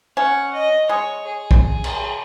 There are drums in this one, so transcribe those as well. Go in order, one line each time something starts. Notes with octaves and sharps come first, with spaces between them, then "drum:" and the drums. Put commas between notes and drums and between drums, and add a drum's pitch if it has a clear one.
C#4 F#5
D#5
G#3 C#5
G#4
drum: kick
drum: cymbal